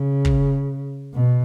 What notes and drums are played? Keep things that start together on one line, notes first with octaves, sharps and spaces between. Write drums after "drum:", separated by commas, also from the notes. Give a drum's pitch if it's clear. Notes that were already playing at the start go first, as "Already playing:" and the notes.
Already playing: C#3
drum: kick
B2